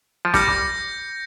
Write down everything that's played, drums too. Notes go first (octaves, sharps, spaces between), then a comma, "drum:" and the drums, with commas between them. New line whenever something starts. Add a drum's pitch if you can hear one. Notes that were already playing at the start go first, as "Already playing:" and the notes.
F3
G3 G6 A#6 C#7, drum: snare
drum: kick